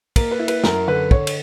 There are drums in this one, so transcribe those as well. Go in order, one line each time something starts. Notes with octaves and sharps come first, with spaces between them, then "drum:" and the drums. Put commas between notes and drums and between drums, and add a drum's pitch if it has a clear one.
A#3 A#4, drum: kick, cymbal
B4
E4
B4, drum: cymbal
F#2 A#4, drum: snare
D3 B4
D3 C#5, drum: kick
drum: cymbal